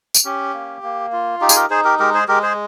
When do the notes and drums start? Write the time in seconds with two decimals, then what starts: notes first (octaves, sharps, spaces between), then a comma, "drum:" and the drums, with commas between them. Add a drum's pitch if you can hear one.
0.14 drum: tambourine
0.25 C#4 G4
0.54 A#3
0.83 A#3
1.12 F4
1.41 D#4 G4
1.49 G#4, drum: tambourine
1.56 G4 A#4
1.70 D#4 G#4 C5
1.84 G4 A#4
1.99 G#3 G4 A#4
2.14 G#4 C5
2.28 G#3 G4 A#4
2.43 G#4 C5